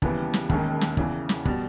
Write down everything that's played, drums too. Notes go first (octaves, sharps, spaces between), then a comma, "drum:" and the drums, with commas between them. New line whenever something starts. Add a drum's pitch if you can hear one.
D#2 C#3 E3 G3 B3, drum: kick
drum: snare
E1 D#2 D#3 G#3 C#4, drum: kick
drum: snare
E2 C#3 E3, drum: kick
drum: snare
B2 G3, drum: kick